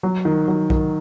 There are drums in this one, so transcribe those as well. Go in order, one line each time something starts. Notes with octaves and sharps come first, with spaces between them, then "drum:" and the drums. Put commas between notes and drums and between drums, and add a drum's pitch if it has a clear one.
F#3
D#3
F#3
D#3, drum: kick